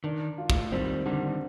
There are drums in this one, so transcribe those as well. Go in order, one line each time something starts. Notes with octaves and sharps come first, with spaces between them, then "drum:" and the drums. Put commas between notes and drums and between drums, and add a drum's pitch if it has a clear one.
D#3 D4
F4
A2, drum: kick
D#3 G3 C4
D3 D#3 G3